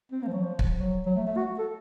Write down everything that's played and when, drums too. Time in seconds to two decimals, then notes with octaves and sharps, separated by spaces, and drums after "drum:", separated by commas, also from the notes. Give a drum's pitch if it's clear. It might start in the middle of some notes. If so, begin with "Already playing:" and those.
0.12 C4
0.23 A#3
0.28 F3
0.33 F#3
0.43 F3
0.59 drum: kick
0.75 F#3
1.06 F#3
1.16 A3
1.27 A3
1.37 F#4
1.59 A4